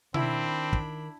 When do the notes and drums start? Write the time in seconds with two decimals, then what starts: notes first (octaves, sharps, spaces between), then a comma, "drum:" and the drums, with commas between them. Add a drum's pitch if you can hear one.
0.14 D#3 C4 D4 E4 B5, drum: tom B2
0.73 drum: kick